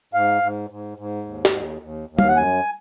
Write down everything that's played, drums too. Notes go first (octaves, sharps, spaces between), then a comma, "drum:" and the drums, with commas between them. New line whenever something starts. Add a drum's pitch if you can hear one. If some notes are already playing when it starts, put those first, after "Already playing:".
G#2 F5
G#2
G#2
G#2
D#2
drum: snare
D#2
D#2
D#2
F5, drum: tom
F#5
F#2 G#5